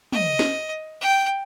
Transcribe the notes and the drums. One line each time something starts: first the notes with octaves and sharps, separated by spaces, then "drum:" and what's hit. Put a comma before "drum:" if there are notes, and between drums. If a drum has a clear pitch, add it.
D#5, drum: tom
drum: snare
G5